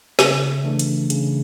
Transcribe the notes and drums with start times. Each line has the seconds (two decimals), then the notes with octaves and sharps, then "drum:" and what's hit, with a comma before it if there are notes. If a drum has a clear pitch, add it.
0.19 C#3 E5, drum: snare
0.64 E3 A3 D4
0.79 drum: hi-hat
1.10 C#3, drum: hi-hat